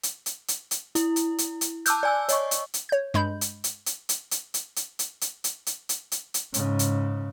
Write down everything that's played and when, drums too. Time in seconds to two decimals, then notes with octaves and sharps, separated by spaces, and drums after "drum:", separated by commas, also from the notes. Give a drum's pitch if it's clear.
0.03 drum: hi-hat
0.26 drum: hi-hat
0.48 drum: hi-hat
0.71 drum: hi-hat
0.95 E4, drum: hi-hat
1.16 drum: hi-hat
1.38 drum: hi-hat
1.61 drum: hi-hat
1.86 A5 D6 E6 F#6 G6, drum: hi-hat
2.03 D5 G#5 E6
2.29 C#5 D#5 C#6, drum: hi-hat
2.51 drum: hi-hat
2.74 drum: hi-hat
2.89 C#5 G6
3.14 G2 G#3 B5 G6
3.41 drum: hi-hat
3.64 drum: hi-hat
3.86 drum: hi-hat
4.09 drum: hi-hat
4.31 drum: hi-hat
4.54 drum: hi-hat
4.76 drum: hi-hat
4.99 drum: hi-hat
5.21 drum: hi-hat
5.44 drum: hi-hat
5.66 drum: hi-hat
5.89 drum: hi-hat
6.12 drum: hi-hat
6.34 drum: hi-hat
6.54 G#2 C#3, drum: hi-hat
6.79 drum: hi-hat